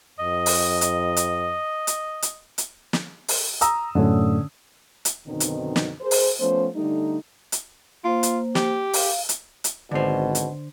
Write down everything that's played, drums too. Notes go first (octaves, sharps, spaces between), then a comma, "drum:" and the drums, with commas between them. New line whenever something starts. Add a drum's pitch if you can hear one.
F2 D#5
drum: open hi-hat
drum: hi-hat
drum: hi-hat
drum: hi-hat
drum: hi-hat
drum: hi-hat
drum: snare
drum: open hi-hat
A#5 D#6 E6, drum: hi-hat
F#2 A2 D3 A3 C#4
drum: hi-hat
F#2 B2 D3 D#3 C4 D#4
drum: hi-hat
drum: snare
G#4 A#4 C5
drum: open hi-hat
F3 A3 B3 C#4 C5
D3 G3 A3 D#4
drum: hi-hat
A#3 F4 C5
drum: hi-hat
G4, drum: snare
F5, drum: open hi-hat
drum: hi-hat
drum: hi-hat
G#1 B2 D3 C5
drum: hi-hat